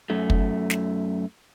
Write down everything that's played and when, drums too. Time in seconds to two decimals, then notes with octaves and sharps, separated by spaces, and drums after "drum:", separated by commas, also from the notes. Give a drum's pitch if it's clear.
0.10 F#2 A3
0.30 drum: kick
0.70 drum: snare